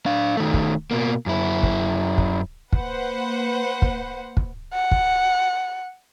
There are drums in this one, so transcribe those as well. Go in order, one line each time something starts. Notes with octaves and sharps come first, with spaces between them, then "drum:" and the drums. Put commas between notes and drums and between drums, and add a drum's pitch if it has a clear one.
D4 F5
D#3 A3
drum: kick
B2 A#3
F#2 E4
drum: kick
drum: kick
A#3 B4 C5 F#5, drum: kick
drum: kick
drum: kick
F#5
drum: kick